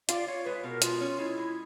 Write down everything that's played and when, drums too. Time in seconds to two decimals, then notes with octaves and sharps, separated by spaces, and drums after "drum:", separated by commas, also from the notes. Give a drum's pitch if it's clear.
0.09 F4 D5, drum: hi-hat
0.27 F4 C#5
0.45 G#3 B4
0.63 B2 A#4
0.82 G#3 F4, drum: hi-hat
1.01 C#4
1.18 G#3 E4
1.37 G#3